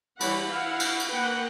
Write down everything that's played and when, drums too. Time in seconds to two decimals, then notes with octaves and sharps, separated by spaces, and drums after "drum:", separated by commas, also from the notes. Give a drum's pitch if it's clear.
0.20 E3 G3 C#5 F#5 B5, drum: cymbal
0.52 E4 F5 F#5
0.80 drum: cymbal
1.00 drum: cymbal
1.11 A#3 B4 F#5 G5